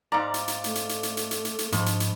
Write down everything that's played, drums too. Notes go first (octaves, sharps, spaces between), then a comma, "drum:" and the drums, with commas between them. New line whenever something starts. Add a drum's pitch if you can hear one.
G#2 D5 F5 A#5
drum: hi-hat
drum: hi-hat
A3, drum: hi-hat
drum: hi-hat
drum: hi-hat
drum: hi-hat
drum: hi-hat
drum: hi-hat
drum: hi-hat
drum: hi-hat
G#2 F3 D4 B5, drum: hi-hat
drum: hi-hat
drum: hi-hat